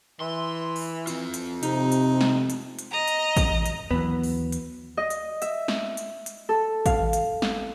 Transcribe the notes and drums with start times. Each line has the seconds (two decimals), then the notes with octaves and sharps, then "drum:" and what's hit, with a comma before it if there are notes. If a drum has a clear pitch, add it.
0.20 E3 C6
0.76 drum: open hi-hat
1.07 C4 F4, drum: hi-hat
1.34 drum: hi-hat
1.63 C3 D#4, drum: hi-hat
1.92 drum: hi-hat
2.21 drum: snare
2.50 drum: hi-hat
2.79 drum: hi-hat
2.91 D#5 A#5
3.08 drum: hi-hat
3.37 drum: kick A1, hi-hat
3.66 drum: hi-hat
3.91 D#2 E3 F#3 B3
4.23 drum: open hi-hat
4.52 drum: hi-hat
4.97 D#5
5.10 drum: hi-hat
5.42 E5, drum: hi-hat
5.68 drum: snare
5.97 drum: hi-hat
6.26 drum: hi-hat
6.49 A4
6.86 F5, drum: kick A1, hi-hat
7.13 drum: hi-hat
7.42 drum: snare